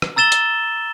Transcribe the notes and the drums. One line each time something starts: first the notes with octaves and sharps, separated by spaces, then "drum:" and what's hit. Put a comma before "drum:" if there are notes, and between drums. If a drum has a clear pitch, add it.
drum: rim click
A#5 E6 A6 E7 G7
drum: hi-hat